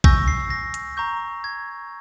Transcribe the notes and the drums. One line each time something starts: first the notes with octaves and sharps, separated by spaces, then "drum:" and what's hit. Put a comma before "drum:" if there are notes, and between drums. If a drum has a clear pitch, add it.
G#5 C#6 E6 G6 A#6, drum: kick
C7
A#6
drum: hi-hat
A#5 C#6 G6
G#6